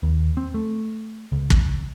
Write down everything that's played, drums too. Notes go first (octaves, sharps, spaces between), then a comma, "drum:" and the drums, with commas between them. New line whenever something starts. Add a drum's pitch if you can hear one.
D#2
C4
A3
C#2
drum: kick